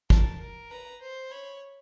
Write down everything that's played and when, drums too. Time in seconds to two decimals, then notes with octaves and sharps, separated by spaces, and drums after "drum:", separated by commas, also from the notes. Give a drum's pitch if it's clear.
0.10 A#4 A5, drum: kick
0.40 A#4
0.71 B4 A#5
1.01 C5
1.31 C#5 B5